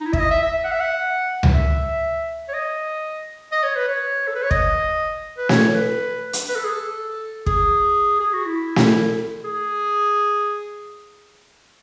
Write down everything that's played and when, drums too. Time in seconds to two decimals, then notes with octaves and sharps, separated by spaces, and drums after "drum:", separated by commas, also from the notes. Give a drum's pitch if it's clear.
0.01 D#4
0.06 E4
0.13 E5, drum: kick
0.19 D#5
0.31 E5
0.43 E5
0.64 F#5
0.71 E5
0.80 F#5
1.43 drum: tom C#2
1.54 E5
2.48 C#5
2.53 D#5
3.52 D#5
3.63 C#5
3.76 B4
3.88 C#5
4.27 A4
4.35 B4
4.43 C#5
4.51 D#5, drum: kick
5.38 B4
5.49 C#5, drum: snare
5.74 B4
6.33 drum: hi-hat
6.48 B4
6.55 A4
6.64 G#4
6.72 A4
7.46 G#4, drum: kick
8.20 G#4
8.33 F#4
8.46 E4
8.76 drum: snare
9.44 G#4